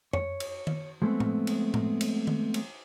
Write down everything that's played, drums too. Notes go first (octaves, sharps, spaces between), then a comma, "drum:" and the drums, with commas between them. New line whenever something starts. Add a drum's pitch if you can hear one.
C#5, drum: tom F2
drum: cymbal
drum: tom D#3
F3 G#3 A3 B3 C4
drum: tom A2
drum: cymbal
drum: tom A2
drum: cymbal
drum: tom D#3
drum: cymbal